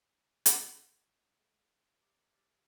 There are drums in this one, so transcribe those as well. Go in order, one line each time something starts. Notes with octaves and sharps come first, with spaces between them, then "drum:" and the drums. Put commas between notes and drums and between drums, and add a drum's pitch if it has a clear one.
drum: hi-hat
G#3 A3 G#5
G4 A#4 D#5
G4 D5 E5 F5